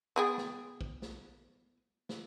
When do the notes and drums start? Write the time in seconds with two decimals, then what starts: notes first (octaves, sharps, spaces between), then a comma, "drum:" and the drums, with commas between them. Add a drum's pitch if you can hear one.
0.16 B3 G#4 G5
0.38 drum: snare
0.81 drum: kick
1.02 drum: snare
2.09 drum: snare